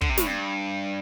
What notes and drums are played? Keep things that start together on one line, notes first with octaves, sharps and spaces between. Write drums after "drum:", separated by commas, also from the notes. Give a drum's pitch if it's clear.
D3, drum: kick
C3
A2, drum: snare
G2